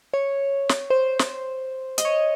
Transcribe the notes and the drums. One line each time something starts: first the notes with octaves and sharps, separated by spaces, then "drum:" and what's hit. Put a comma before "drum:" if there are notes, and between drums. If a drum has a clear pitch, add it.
C#5
drum: snare
C5
drum: snare
D#5, drum: hi-hat
C#5